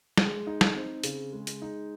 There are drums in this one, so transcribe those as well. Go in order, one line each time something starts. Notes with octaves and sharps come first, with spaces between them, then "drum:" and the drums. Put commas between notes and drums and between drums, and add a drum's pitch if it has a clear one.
G#3, drum: snare
D#4
drum: snare
C4
C#3, drum: hi-hat
G#3
drum: hi-hat
D#4